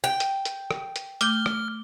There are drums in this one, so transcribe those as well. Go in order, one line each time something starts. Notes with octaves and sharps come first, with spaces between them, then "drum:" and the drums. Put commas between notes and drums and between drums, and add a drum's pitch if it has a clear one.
G5
drum: hi-hat
drum: hi-hat
drum: rim click
drum: hi-hat
A3 D6 F6 G6 G7, drum: hi-hat
drum: rim click